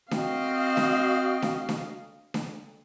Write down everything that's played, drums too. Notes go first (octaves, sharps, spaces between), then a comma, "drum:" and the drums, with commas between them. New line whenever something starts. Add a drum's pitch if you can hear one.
C4 F#4 D#5 F5, drum: snare D4
drum: snare D4
drum: snare D4
drum: snare D4
drum: snare D4